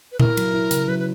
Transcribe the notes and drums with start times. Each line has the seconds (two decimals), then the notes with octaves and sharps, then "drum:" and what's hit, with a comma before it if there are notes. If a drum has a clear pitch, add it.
0.12 B4
0.20 E4 A#4, drum: tom A#2
0.37 F#3, drum: cymbal
0.54 E4
0.71 C#3, drum: hi-hat
0.88 F#3 B4
0.99 B4